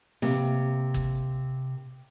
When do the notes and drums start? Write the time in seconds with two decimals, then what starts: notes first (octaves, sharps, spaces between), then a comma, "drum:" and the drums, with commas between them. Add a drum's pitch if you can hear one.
0.22 C3 A#3, drum: snare
0.94 drum: kick